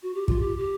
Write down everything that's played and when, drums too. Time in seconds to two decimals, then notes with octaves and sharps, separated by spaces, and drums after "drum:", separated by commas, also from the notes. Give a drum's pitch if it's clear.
0.03 F#4
0.15 G4
0.28 F4, drum: kick
0.40 G4
0.58 G4